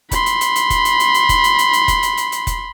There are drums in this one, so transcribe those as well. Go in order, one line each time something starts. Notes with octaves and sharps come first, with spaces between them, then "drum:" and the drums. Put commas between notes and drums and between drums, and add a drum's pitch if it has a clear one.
B5 C6, drum: kick F1, hi-hat
drum: hi-hat
drum: hi-hat
drum: hi-hat
drum: kick F1, hi-hat
drum: hi-hat
drum: hi-hat
drum: hi-hat
drum: kick F1, hi-hat
drum: hi-hat
drum: hi-hat
drum: hi-hat
drum: kick F1, hi-hat
drum: hi-hat
drum: hi-hat
drum: hi-hat
drum: kick F1, hi-hat